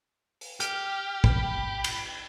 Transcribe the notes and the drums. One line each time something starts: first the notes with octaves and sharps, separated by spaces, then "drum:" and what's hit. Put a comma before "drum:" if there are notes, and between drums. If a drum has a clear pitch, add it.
drum: open hi-hat
G4 F6, drum: hi-hat
B5, drum: kick
drum: cymbal